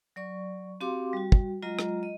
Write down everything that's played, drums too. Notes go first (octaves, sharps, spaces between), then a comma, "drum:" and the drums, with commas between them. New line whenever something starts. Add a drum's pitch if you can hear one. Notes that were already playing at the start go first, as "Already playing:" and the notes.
F#3 D5 C#6
C4 F#4 G4 F5 C6 D6
G3 F#4
drum: kick
F#3 G#3 F4 D#5 A#5
drum: rim click
D#5